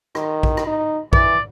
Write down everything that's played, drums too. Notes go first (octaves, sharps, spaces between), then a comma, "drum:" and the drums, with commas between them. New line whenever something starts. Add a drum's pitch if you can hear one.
D#3, drum: rim click
drum: kick A#1
drum: rim click
D#4
E3 D5, drum: kick A#1